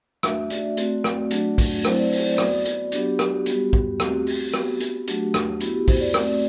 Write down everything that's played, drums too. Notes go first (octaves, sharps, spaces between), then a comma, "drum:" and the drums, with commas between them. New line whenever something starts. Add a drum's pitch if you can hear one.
A3 D4 F#4 E5, drum: rim click
D5, drum: hi-hat
A3 C4 F#4, drum: hi-hat
drum: rim click
F#3 A3 D4 F#4, drum: hi-hat
drum: kick, open hi-hat
F#3 A3 C4 E4 C5, drum: rim click
D5
C5, drum: open hi-hat
D5
B3 F#4, drum: rim click
drum: hi-hat
F#3 B3 D4 F#4 G4, drum: hi-hat
G4
G4, drum: rim click
F#4
G3 B3 F#4 G4, drum: hi-hat
drum: kick
A3 C4 F#4, drum: rim click
drum: open hi-hat
B3 F#4, drum: rim click
drum: hi-hat
F#3 A3 D4 F#4, drum: hi-hat
drum: rim click
B3 E4 F#4, drum: hi-hat
G4
C5, drum: kick, open hi-hat
D5
A3 C4 F#4, drum: rim click